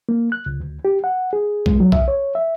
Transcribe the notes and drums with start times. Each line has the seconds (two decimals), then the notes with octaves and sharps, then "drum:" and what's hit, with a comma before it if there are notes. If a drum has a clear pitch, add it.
0.09 A#3
0.32 F#6
0.46 C#2
0.60 D2
0.85 G4
1.04 F#5
1.33 G#4
1.66 G#3, drum: kick B1
1.80 F#3
1.92 E5, drum: kick B1
2.08 C#5
2.35 E5